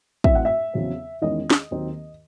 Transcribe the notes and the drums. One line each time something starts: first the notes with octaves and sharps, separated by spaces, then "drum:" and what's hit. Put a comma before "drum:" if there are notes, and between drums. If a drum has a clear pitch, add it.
A2 F#3 C4 E4 E5, drum: kick
F#5
E5
E2 C#3 F#3 C4
E2 D#3 G#3 C#4 E4 D#5
drum: snare
D#2 D#3 F#3 C4 D#4